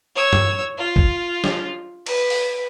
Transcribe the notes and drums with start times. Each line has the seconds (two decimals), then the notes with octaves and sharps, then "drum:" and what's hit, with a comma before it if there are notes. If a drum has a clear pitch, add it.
0.15 C#5 E6
0.33 drum: tom G2
0.78 F4
0.96 drum: kick G#1
1.44 drum: snare
2.06 B4, drum: cymbal
2.30 drum: open hi-hat